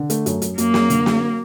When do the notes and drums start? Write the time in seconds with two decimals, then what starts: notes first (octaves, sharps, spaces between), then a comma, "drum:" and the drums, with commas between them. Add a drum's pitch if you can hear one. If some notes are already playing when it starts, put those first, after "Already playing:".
Already playing: D3
0.10 A3, drum: hi-hat
0.26 F#2, drum: hi-hat
0.42 F#2, drum: hi-hat
0.58 F#2 A#3, drum: hi-hat
0.74 F#2, drum: snare
0.90 D3, drum: hi-hat
1.06 F#3, drum: snare